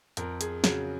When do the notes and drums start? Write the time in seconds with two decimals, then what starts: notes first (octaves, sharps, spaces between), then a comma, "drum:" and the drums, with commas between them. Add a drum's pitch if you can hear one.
0.17 F2 A#4, drum: hi-hat
0.41 G#4, drum: hi-hat
0.64 C#3 F#3 G#4, drum: snare